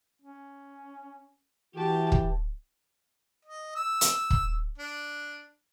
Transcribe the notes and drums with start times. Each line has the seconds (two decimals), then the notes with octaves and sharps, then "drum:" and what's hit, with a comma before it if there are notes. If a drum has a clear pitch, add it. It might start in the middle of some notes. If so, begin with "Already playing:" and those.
0.22 C#4
1.75 E3 F#4 G4 A5
2.12 drum: kick
3.45 D#5
3.75 E6
4.01 drum: hi-hat
4.30 drum: kick
4.78 D4